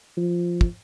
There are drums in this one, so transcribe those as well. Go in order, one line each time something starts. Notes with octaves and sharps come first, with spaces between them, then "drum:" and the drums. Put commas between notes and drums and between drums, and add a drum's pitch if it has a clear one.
F3
drum: kick